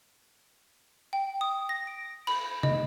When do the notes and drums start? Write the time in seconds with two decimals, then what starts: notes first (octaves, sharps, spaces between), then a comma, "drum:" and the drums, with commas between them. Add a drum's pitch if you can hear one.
1.13 G5
1.41 D#6
1.69 A#6
1.87 D7
2.27 B5, drum: cymbal
2.63 D#5, drum: tom C3